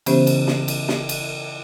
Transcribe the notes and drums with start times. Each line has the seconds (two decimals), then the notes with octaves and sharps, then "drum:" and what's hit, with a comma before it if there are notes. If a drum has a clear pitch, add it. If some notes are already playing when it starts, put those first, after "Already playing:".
0.06 C#3 E3 B3 C#4 G4 C5, drum: cymbal
0.27 drum: cymbal
0.47 drum: snare
0.68 drum: cymbal
0.89 drum: snare
1.09 drum: cymbal